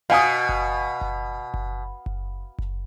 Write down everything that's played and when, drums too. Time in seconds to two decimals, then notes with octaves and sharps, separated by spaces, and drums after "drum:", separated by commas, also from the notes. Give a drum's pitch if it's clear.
0.10 B2 F5 G#5 D#6
0.49 drum: kick F#1
1.01 drum: kick F#1
1.54 drum: kick F#1
2.06 drum: kick F#1
2.59 drum: kick F#1